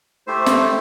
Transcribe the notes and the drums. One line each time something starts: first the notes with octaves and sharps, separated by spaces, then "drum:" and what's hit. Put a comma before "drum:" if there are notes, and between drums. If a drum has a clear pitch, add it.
A3 E4 G4 C5
drum: snare